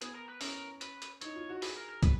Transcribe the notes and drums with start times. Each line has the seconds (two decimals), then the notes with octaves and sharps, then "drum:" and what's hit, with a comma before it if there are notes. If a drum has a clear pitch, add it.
0.02 B3 G#4, drum: hi-hat
0.15 A#4
0.28 B4
0.41 C#4 A#4, drum: open hi-hat
0.81 B4, drum: hi-hat
1.02 drum: hi-hat
1.21 D#4 C#5, drum: hi-hat
1.35 F4
1.49 F#4
1.62 G#4 B4, drum: open hi-hat
1.76 A#4
1.89 A#4
2.03 B4, drum: kick, hi-hat